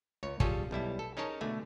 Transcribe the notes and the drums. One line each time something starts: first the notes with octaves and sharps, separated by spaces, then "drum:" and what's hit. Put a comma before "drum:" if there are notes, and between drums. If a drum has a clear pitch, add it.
C#2 C#5
G3 C#4 F4 G#4 A4 C#5, drum: kick
B1 G3 E4 A5
A4
C#4 D#4 G#4 A#4 C#5 A5
B2 D3 A3 G#5